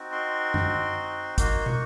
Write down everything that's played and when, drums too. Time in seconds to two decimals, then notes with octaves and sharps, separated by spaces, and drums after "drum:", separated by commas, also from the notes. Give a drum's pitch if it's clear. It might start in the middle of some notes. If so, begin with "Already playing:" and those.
Already playing: C4 D#4 F#4
0.12 C6
0.54 drum: tom F#2
1.38 A#3 D#4 F#4 C6, drum: kick, hi-hat
1.66 C#6, drum: tom